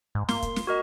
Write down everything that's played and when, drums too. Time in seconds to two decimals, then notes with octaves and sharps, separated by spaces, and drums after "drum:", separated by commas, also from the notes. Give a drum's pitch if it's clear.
0.15 G#2
0.29 A#3 C6, drum: snare
0.42 drum: kick, hi-hat
0.56 drum: snare
0.67 F#4 A#4 D#5